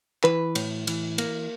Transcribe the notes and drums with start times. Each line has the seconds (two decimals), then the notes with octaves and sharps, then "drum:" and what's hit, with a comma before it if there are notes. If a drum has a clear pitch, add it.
0.24 E3 B4, drum: clap
0.55 A2, drum: cymbal
0.87 E3, drum: cymbal
1.18 A#3, drum: cymbal